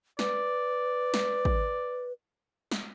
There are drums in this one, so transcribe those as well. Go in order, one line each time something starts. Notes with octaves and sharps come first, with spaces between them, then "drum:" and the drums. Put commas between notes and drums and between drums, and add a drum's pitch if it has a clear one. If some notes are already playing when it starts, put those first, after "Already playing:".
B4 D5, drum: snare
drum: snare
drum: kick
drum: snare